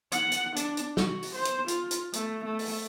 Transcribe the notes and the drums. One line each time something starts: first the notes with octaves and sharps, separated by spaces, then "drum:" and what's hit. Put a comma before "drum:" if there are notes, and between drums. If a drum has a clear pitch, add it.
F#5, drum: hi-hat
drum: hi-hat
D4, drum: hi-hat
drum: hi-hat
F#4, drum: snare
drum: open hi-hat
C5
drum: hi-hat
F4, drum: hi-hat
drum: hi-hat
A3, drum: hi-hat
A3
drum: open hi-hat